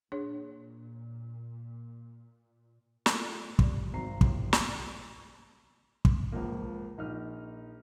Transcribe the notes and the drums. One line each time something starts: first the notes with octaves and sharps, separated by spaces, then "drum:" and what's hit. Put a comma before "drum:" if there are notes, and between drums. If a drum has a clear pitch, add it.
A#2 D4 G#4 C#5
A3 A#3 F4 F#6, drum: snare
G3 D5, drum: kick
G#1 F#3 C4 A#5 C7
G1 C2 G4, drum: kick
drum: snare
drum: kick
C#2 F3 A#3
A#1 D#4 F6